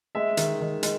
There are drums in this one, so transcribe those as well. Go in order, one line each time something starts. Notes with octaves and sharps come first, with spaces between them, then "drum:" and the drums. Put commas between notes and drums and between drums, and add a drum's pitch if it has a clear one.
G#3 E5
D#3, drum: hi-hat
D#3
G#3, drum: hi-hat